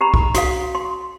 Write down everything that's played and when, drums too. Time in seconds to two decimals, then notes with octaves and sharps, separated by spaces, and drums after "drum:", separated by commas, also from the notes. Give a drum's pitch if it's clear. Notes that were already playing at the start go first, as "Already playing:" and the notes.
0.01 G4 A#5 B5
0.14 drum: kick
0.35 F#4 A4 F5, drum: hi-hat
0.75 C6